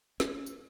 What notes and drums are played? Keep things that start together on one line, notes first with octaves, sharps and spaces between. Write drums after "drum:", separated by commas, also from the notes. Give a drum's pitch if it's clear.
C#4, drum: snare
drum: tambourine